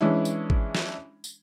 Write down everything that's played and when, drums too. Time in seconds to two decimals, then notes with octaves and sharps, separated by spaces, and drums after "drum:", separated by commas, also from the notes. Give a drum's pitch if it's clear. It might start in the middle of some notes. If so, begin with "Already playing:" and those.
0.01 E3 G#3 C#4 D4 E4
0.25 drum: tambourine
0.50 drum: kick G#1
0.75 drum: snare
1.24 drum: tambourine